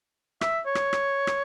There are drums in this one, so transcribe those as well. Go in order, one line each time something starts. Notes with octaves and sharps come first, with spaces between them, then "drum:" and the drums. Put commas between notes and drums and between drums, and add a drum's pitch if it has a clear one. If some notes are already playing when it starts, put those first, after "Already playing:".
E5, drum: rim click
C#5
drum: rim click
drum: rim click
drum: rim click